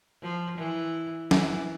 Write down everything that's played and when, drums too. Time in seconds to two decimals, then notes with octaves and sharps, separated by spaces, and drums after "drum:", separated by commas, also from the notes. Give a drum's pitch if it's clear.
0.22 F3
0.58 E3
1.31 E3, drum: snare